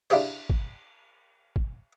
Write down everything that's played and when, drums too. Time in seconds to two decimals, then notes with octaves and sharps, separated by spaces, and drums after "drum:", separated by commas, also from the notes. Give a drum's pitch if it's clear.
0.10 D4 E4 F4 G4 G#4 C5, drum: cymbal
0.50 drum: kick
1.56 drum: kick